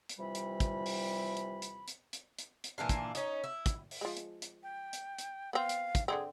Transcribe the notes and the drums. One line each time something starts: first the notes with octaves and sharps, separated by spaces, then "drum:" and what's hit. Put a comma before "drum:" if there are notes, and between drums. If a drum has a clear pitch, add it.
drum: hi-hat
D#2 C3 E3 F3 G3 B5
drum: hi-hat
drum: kick, hi-hat
drum: open hi-hat
drum: hi-hat
drum: hi-hat
drum: hi-hat
drum: hi-hat
drum: hi-hat
drum: hi-hat
A#2 E3 D4 F5
drum: kick, hi-hat
C#4 D#4, drum: hi-hat
E4
drum: kick, hi-hat
drum: open hi-hat
F3 G#3
drum: hi-hat
drum: hi-hat
G5
drum: hi-hat
drum: hi-hat
B3 C4 F5
drum: hi-hat
drum: kick, hi-hat
D3 E3 C4 G#4